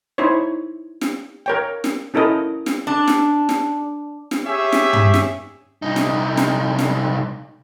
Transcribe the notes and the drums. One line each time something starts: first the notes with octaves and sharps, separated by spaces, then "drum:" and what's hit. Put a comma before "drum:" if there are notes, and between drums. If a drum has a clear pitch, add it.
D#4 E4 C5 C#5
drum: snare
A#4 C#5 G5
drum: snare
C#4 E4 A4 A#4 D#5
drum: snare
D4
drum: snare
drum: snare
drum: snare
G4 G#4 C#5 E5
drum: snare
drum: tom
drum: snare
C2 D#4
drum: snare
drum: snare
drum: snare